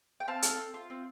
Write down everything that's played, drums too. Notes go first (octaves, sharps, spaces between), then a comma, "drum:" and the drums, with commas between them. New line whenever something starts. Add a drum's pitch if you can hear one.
G5
C4 F5 A5
A4, drum: hi-hat
C4
F4
C4